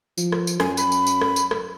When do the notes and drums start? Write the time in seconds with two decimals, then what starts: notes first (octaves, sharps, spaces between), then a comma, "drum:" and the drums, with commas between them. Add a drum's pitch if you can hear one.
0.18 F3, drum: tambourine
0.32 drum: rim click
0.47 drum: tambourine
0.60 F#2 G#5, drum: rim click
0.77 B5, drum: tambourine
0.92 drum: tambourine
1.07 drum: tambourine
1.21 drum: rim click
1.36 drum: tambourine
1.51 drum: rim click